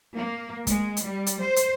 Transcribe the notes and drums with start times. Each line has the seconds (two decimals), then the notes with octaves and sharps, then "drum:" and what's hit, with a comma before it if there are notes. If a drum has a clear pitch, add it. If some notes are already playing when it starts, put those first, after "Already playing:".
0.18 A#3
0.67 G#3, drum: kick, hi-hat
0.97 drum: hi-hat
1.06 G3
1.26 drum: hi-hat
1.40 C5
1.56 drum: hi-hat